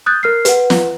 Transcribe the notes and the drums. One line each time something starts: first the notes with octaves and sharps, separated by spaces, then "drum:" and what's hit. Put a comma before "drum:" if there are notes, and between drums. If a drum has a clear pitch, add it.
D#6 F#6 G6 A6
A#4 F6 C7
B4 F#5, drum: hi-hat
drum: snare